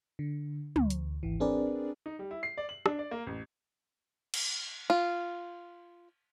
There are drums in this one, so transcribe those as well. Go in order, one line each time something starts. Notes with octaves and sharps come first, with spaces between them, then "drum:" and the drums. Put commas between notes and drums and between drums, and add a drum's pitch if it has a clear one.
D3
D2, drum: tom
drum: hi-hat
G#1 E3
C4 D4 G#4 A#4 B4 D5
D#4
G3
E4
C7
D5
F#7
D4, drum: rim click
D5
A#3
A1
drum: cymbal
F4